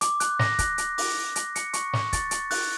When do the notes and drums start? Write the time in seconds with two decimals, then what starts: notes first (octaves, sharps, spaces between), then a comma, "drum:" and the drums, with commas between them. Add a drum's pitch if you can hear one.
0.01 D6, drum: hi-hat
0.20 F#6, drum: hi-hat
0.39 A#6, drum: snare
0.59 F#6, drum: kick, hi-hat
0.78 F#6, drum: hi-hat
0.98 D6, drum: open hi-hat
1.17 D6
1.36 A#6, drum: hi-hat
1.56 C#7, drum: hi-hat
1.73 C#6, drum: hi-hat
1.93 C#6, drum: snare
2.13 A6, drum: kick, hi-hat
2.31 A6, drum: hi-hat
2.51 F#6, drum: open hi-hat